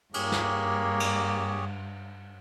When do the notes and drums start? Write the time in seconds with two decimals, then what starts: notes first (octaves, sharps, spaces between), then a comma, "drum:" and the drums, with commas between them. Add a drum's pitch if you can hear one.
0.14 G2 A#3 G4 G#4 C#5, drum: cymbal
0.32 drum: snare
1.00 drum: cymbal